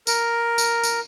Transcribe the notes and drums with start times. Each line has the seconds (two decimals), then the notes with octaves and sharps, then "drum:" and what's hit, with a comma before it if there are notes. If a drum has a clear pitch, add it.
0.07 A#4, drum: tambourine
0.58 drum: tambourine
0.84 drum: tambourine